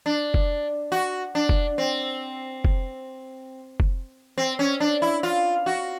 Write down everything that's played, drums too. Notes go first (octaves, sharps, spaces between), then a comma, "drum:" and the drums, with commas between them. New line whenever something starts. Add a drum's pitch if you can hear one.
D4
drum: kick
F#4
D4
drum: kick
C4
drum: kick
drum: kick
C4
C#4
D4
E4
F4
F#4